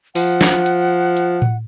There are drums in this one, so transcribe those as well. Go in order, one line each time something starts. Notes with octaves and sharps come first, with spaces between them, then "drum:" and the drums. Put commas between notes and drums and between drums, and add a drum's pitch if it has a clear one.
F3 F#5, drum: open hi-hat
drum: snare
drum: hi-hat
drum: hi-hat
drum: tom A2